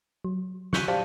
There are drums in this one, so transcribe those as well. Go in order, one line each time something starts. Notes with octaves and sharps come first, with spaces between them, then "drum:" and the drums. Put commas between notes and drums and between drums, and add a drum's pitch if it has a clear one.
F#3
C#6 F#6 G6 B6 D#7, drum: snare
G4 C5 D5 F5 A5